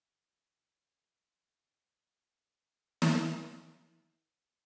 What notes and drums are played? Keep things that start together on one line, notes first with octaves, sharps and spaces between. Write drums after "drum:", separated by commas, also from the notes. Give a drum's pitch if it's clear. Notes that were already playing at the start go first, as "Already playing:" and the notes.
D4
C4
G#3
F3
D#3
drum: snare
F3
D#3